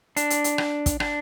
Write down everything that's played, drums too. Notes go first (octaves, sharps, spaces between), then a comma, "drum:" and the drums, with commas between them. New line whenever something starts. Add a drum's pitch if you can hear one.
D4, drum: hi-hat
drum: hi-hat
drum: hi-hat
drum: rim click
drum: kick, hi-hat
D4, drum: rim click